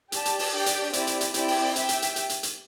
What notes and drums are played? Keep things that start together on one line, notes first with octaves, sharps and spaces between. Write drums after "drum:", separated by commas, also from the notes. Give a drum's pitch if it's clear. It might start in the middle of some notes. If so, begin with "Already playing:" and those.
G4 D5 A5, drum: hi-hat
drum: hi-hat
drum: open hi-hat
D4 G4 D5 G5
drum: hi-hat
C4 E4 G4 D5, drum: hi-hat
drum: hi-hat
drum: hi-hat
C4 E4 G4 D5 G5, drum: hi-hat
drum: open hi-hat
G4 E5 G5, drum: hi-hat
drum: hi-hat
drum: hi-hat
drum: hi-hat
drum: hi-hat
drum: hi-hat